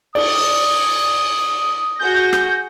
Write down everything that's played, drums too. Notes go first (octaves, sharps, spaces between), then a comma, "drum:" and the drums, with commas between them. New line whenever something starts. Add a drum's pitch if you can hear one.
D5 D#6, drum: cymbal
F#4 G#4 G6 A#6
drum: rim click